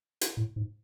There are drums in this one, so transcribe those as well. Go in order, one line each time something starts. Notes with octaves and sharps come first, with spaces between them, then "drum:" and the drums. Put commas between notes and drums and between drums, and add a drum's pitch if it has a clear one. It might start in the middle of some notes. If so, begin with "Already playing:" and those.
drum: hi-hat
A2
G#2